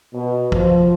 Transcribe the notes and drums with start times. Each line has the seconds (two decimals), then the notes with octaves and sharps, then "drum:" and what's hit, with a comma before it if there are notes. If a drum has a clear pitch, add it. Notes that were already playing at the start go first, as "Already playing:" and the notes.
0.14 B2
0.52 F3, drum: kick